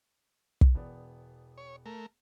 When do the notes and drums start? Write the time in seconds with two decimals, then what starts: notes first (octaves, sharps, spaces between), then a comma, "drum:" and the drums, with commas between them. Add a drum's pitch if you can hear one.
0.61 drum: kick
0.75 E1 B3 D5
1.58 C#5
1.86 A3 A#4